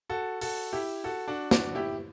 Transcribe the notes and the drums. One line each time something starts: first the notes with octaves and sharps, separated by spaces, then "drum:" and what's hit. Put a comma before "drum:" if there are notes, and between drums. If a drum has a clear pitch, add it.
F#4 A4
F#4 A4, drum: open hi-hat
E4 G4
F#4 A4
D4 F#4
D4 F#4, drum: snare
E4 G4